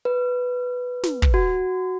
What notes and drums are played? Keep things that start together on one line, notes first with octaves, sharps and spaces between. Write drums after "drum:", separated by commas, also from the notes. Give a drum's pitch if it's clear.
B4
drum: snare
drum: kick
F#4